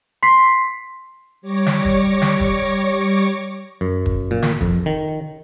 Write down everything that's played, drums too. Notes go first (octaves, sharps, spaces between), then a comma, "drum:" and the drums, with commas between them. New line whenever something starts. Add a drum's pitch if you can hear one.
C6 B6 C7
G3 C#5 C#6 D6 A#6
drum: snare
drum: kick
drum: snare
drum: kick
F#2
drum: kick
A#2
drum: snare
F2, drum: kick
D#3